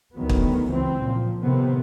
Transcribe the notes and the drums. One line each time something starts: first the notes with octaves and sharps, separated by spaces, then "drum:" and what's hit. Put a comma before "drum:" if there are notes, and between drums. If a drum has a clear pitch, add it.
D2 D#3 F#3 B3
drum: kick
C#2 E3 C4
A#2 F3
A2 C3 D#3 B3 C4